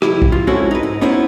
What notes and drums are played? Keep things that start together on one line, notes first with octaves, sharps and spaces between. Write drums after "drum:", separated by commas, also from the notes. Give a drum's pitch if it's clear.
C2 F2 E4 G4, drum: rim click
drum: kick
F4
G#3 C4 C#4 E4 F#4 A4
D#4 B4
G#2
B3 C#4 D#4 E4 C5